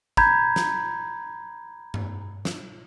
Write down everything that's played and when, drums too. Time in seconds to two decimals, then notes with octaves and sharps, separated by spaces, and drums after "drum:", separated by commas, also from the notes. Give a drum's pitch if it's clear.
0.17 A#5 B5 G6 G#6, drum: kick
0.56 drum: snare
1.94 drum: tom G2
2.45 drum: snare